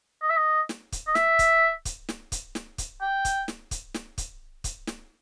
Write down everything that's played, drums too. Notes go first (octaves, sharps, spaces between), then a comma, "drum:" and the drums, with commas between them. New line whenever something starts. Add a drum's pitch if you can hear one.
D#5
E5
D#5
drum: snare
drum: kick, hi-hat
D#5
E5, drum: snare
drum: kick, hi-hat
drum: kick, hi-hat
drum: snare
drum: kick, hi-hat
drum: snare
drum: kick, hi-hat
G5
drum: kick, hi-hat
drum: snare
drum: kick, hi-hat
drum: snare
drum: kick, hi-hat
drum: kick, hi-hat
drum: snare